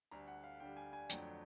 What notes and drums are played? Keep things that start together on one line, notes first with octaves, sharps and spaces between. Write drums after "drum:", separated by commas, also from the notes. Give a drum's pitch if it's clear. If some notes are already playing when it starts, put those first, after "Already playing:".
D2 D3 G3 A#5
F#5
F5
D2 D3 G3 G5
G#5
G#5
F2 D3 F#3 A3 G5, drum: hi-hat